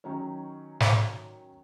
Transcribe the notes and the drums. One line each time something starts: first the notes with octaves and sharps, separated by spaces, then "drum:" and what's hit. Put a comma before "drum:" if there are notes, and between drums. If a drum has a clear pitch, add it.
D#3 F#3 C#4 D#4 C#5
drum: snare